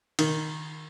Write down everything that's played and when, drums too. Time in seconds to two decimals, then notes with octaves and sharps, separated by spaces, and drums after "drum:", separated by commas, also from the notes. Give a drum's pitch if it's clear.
0.19 D#3, drum: cymbal